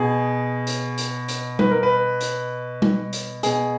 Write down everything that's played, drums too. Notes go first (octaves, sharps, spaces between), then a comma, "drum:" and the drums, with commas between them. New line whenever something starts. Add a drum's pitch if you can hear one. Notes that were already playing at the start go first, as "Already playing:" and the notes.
Already playing: B2 G#4
drum: hi-hat
drum: hi-hat
drum: hi-hat
B4, drum: tom G3
A#4
B4
drum: hi-hat
drum: tom G3
drum: hi-hat
B2 G#4, drum: hi-hat